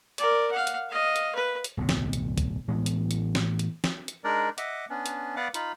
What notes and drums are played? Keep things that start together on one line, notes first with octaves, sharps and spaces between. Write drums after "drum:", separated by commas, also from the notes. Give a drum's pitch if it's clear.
A#4 D5, drum: hi-hat
F5 F#5
drum: hi-hat
D#5 F5
drum: hi-hat
B4
drum: hi-hat
D1 B1 F2 C3
drum: snare
drum: hi-hat
drum: kick B1, hi-hat
A2 E3 G#3 B3
drum: hi-hat
drum: hi-hat
drum: snare
drum: hi-hat
drum: snare
drum: hi-hat
G#3 D4 D#4 A#4 D5
D#5 E5 F#5 D6, drum: hi-hat
B3 C#4 D4
drum: hi-hat
B3 B4 D5 F5 F#5 D6
D#4 F4 B5, drum: hi-hat